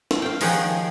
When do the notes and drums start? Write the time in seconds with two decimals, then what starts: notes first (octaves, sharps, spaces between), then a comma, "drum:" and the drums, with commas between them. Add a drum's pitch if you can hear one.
0.11 drum: snare
0.22 F5 G5
0.41 D#3 F3 G#4 C#5 F#5 G5, drum: open hi-hat